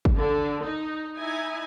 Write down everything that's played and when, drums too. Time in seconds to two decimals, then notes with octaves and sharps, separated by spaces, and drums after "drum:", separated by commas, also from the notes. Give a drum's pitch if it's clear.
0.05 drum: kick
0.17 D3
0.64 D#4
1.16 D#4 E4 G#5